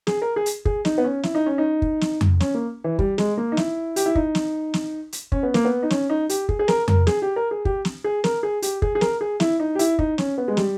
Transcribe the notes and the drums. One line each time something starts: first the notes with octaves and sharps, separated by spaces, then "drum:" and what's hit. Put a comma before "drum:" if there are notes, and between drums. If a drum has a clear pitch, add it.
G#4, drum: snare
A#4
G#4
drum: hi-hat
G#4, drum: kick
D#4, drum: snare
B3
C#4
E4, drum: snare
D#4
C#4
D#4
drum: kick
drum: snare
drum: tom F2
C#4, drum: snare
A#3
E3
G3, drum: kick
G#3, drum: snare
A#3
D#4
E4, drum: snare
G4, drum: hi-hat
E4
D#4, drum: kick
drum: snare
drum: snare
drum: hi-hat
C#4, drum: kick
B3
A#3, drum: snare
B3
D#4
C#4, drum: snare
D#4
G4, drum: hi-hat
G#4, drum: kick
G#4
A#4, drum: snare
A#4, drum: tom F2
G#4, drum: snare
G4
A#4
G#4
G4, drum: kick
drum: snare
G#4
A#4, drum: snare
G#4
G4, drum: hi-hat
G#4, drum: kick
G#4
A#4, drum: snare
G#4
E4, drum: snare
D#4
G4
E4, drum: hi-hat
D#4, drum: kick
C#4, drum: snare
B3
G#3
G3, drum: snare